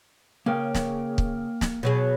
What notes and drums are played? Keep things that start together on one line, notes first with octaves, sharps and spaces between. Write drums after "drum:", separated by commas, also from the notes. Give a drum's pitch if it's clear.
C#3 A#3 A#4 G5
drum: snare
drum: kick
drum: snare
B2 F#3 G#4